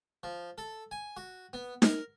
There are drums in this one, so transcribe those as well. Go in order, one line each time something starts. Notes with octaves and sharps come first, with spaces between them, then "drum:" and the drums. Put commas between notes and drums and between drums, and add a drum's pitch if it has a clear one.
F3
A4
G#5
F#4
B3
A#4, drum: snare D#4